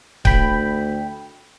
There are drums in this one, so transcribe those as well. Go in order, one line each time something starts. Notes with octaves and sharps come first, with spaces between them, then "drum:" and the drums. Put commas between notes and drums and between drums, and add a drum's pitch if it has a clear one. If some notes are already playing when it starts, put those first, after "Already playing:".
D2 G5 B5, drum: kick C#1